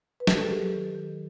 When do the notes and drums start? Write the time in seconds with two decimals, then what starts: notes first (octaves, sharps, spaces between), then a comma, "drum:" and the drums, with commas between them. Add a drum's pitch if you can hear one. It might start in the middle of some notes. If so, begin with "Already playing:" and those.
0.20 B4
0.27 A#4, drum: snare
0.34 A4
0.42 G#4
0.49 F#3 G4
0.73 D#3
0.95 D#3